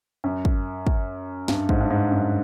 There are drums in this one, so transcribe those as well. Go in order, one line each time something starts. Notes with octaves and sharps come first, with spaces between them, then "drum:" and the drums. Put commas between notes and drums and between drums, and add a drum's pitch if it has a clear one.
F#2
drum: kick
drum: kick
G2, drum: snare
G#2, drum: kick
G2
G#2
F#2